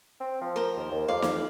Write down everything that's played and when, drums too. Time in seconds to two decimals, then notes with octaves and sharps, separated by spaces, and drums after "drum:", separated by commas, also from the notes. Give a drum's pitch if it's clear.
0.21 C4
0.42 F3
0.56 A#4 C5
0.77 D#2
0.92 D#2
1.08 F2 D5 F5
1.22 drum: snare